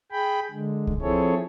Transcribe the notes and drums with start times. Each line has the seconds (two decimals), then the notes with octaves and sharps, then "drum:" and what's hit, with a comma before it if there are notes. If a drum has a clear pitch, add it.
0.12 G#4 G5 B5
0.51 D3 G#3
0.87 drum: kick C2
1.02 F3 C4 E4 G#4 A4 C#5